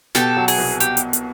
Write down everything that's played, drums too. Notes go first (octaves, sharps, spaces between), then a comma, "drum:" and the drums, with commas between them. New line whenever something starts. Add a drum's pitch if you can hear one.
B2 G4 A4, drum: snare
F#3
G#4, drum: open hi-hat
C2
G4, drum: hi-hat
drum: hi-hat
drum: hi-hat